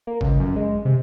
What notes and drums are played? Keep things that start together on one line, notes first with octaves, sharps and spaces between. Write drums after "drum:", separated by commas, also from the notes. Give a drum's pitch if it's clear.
A#3
C#2, drum: kick G#1
F#2
G#3
C3